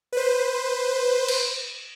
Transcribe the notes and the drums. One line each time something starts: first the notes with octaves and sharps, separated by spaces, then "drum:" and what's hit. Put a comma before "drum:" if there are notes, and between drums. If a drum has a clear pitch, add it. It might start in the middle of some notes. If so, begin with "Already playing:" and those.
B4 C5
drum: cymbal